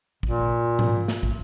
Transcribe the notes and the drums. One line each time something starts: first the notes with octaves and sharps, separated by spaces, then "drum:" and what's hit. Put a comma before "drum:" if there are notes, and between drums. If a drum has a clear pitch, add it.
A#2, drum: kick
drum: tom G#2
drum: snare
drum: kick